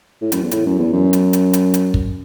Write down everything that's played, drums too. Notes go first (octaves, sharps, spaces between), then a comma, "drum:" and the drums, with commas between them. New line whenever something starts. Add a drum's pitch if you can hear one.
A2
F#2, drum: hi-hat
E2
A2, drum: hi-hat
F#2
E2
F#2
drum: hi-hat
drum: hi-hat
drum: hi-hat
drum: hi-hat
drum: kick